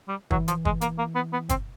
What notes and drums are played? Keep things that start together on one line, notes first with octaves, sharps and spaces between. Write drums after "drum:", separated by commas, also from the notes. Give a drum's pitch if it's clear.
G3
E3 F#3, drum: kick
F3, drum: hi-hat
G#3, drum: kick
A#3, drum: hi-hat
A#3
B3
B3
C4, drum: kick, hi-hat